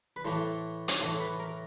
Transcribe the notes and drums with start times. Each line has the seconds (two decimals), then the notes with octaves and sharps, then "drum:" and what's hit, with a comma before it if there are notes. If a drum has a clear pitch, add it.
0.16 B4
0.25 A2 E3 A3 C5
0.88 C#5, drum: hi-hat
1.00 A2 E3 A3 C5
1.20 B4
1.40 A#4